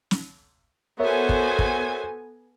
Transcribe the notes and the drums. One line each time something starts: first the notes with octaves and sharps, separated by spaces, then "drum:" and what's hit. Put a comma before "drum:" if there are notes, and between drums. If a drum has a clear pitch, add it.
drum: snare
B3 F#4 A4 A#4 C5 C#5 E5 G#5
drum: kick
drum: kick